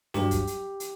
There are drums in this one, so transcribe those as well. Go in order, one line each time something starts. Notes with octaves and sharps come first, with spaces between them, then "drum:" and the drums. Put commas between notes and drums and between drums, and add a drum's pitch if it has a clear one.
G2 F#3 G4, drum: snare
drum: kick, hi-hat
drum: hi-hat
drum: hi-hat